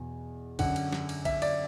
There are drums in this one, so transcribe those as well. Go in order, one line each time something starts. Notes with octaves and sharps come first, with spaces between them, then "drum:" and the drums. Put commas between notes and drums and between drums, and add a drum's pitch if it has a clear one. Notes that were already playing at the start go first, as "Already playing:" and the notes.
Already playing: E2 B2
F#2 D3 F#5, drum: kick B1, cymbal
drum: cymbal
drum: snare
drum: cymbal
E5, drum: kick B1, cymbal
D5, drum: cymbal